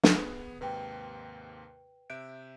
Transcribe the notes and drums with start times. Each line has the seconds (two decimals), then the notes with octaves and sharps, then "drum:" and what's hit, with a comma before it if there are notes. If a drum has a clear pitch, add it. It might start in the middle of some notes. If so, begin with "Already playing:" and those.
0.03 B3 G#4, drum: snare
0.61 D#2 G#2 C3 B4 G5
2.10 C3 E5 F#6 G6 D7